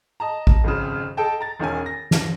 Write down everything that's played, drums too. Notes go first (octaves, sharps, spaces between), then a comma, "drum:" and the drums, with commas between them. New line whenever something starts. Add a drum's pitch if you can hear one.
D#5 A5 A#5
drum: kick A1
G#1 F2 C#3
G#4 A4 D#5 G5 A5
A#5 A6
E1 D#3 C#4 G#5
A#6
drum: snare